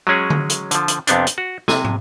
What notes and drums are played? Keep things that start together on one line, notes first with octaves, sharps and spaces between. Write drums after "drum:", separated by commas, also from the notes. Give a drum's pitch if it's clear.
F#3 G#3 C#4 G#4
drum: tom D3
drum: hi-hat
D3 F3, drum: hi-hat
drum: hi-hat
F2 C3 B3 C4 D4, drum: hi-hat
drum: hi-hat
F#4
C3 G#5, drum: snare
drum: tom